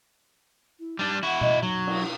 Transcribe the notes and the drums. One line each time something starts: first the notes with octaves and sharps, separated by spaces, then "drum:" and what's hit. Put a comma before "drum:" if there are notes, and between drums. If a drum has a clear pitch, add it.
E4
G3 D4 D#4
E4 F#4 F#5
D#5, drum: tom B2
F#3 D#4
E4, drum: cymbal